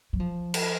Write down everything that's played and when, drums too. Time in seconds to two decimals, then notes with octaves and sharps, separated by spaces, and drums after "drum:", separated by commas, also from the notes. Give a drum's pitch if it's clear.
0.13 F#3
0.20 F3
0.54 drum: cymbal